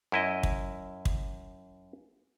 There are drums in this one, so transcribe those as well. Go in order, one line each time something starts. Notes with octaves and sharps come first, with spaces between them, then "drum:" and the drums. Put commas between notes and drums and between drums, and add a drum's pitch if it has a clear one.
F#2 E4 D#5
drum: kick
drum: kick